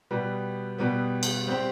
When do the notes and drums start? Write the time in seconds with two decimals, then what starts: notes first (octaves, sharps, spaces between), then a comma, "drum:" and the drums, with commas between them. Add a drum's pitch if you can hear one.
0.11 B2 G3 B3
0.78 B2 G3 B3
1.23 drum: cymbal
1.47 G3 C4 G4 C5